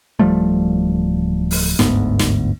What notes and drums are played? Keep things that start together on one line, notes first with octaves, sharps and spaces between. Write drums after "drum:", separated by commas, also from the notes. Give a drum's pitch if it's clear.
D1 F3 G3 A3
drum: open hi-hat
G1 D2 G#2 B3, drum: snare
drum: snare